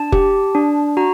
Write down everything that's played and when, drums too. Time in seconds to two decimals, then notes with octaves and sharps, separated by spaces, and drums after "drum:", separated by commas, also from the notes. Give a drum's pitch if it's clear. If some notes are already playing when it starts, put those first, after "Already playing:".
Already playing: D4 A5
0.12 G4, drum: kick F1
0.55 D4
0.97 F#4 A#5